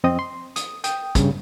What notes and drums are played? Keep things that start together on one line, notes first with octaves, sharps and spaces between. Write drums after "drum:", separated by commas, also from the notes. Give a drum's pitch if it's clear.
F2 C4 D#5 D#6
C6
D#6, drum: hi-hat
G5 D#6, drum: hi-hat
G2 C#3, drum: kick, hi-hat